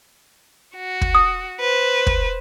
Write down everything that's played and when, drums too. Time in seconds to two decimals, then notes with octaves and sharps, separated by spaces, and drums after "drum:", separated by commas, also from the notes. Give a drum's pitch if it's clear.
0.76 F#4
1.01 drum: kick
1.15 D#6
1.60 B4 C5
2.07 drum: kick